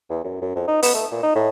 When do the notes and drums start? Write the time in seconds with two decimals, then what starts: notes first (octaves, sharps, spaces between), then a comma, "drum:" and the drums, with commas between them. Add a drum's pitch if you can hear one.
0.10 E2
0.24 F#2
0.42 F#2
0.56 F2
0.68 D#4
0.83 B3, drum: open hi-hat
0.94 A3
1.12 A#2
1.23 D#4
1.35 A2